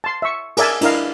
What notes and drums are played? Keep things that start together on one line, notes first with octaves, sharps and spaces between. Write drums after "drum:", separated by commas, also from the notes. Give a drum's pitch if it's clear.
A5 C6
E5 C#6
G#4 A#4 D5 E5 G#5 A5, drum: cymbal
D4 E4 A#4 D#5 F5, drum: cymbal